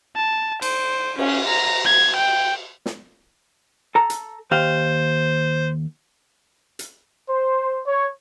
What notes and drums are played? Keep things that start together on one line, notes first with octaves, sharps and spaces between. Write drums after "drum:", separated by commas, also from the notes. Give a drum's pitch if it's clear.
A5
C5, drum: cymbal
C#4, drum: cymbal
A#5
G#6
G5
drum: snare
A4 A#5
drum: hi-hat
D#2 G4 C5 F5
drum: hi-hat
C5
C#5